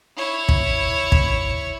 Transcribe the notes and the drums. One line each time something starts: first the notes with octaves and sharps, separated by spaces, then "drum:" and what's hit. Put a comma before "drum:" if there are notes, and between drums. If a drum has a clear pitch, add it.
E4 C#5
drum: kick
drum: kick